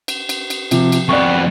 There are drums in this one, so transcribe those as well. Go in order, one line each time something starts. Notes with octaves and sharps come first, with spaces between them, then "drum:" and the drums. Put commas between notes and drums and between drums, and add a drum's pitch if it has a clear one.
drum: cymbal
drum: cymbal
drum: cymbal
C3 F3, drum: cymbal
drum: cymbal
F2 B3 D5 C#6